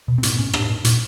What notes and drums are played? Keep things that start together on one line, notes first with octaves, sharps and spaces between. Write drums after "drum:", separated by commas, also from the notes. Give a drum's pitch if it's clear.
B2
C4
A2 B3, drum: hi-hat
A2 C#4
A2 D4, drum: rim click
A2
A#2, drum: hi-hat